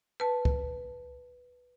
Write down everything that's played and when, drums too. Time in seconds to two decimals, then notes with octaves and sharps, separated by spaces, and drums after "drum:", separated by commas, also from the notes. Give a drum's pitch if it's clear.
0.20 B4 A5
0.45 drum: kick C#2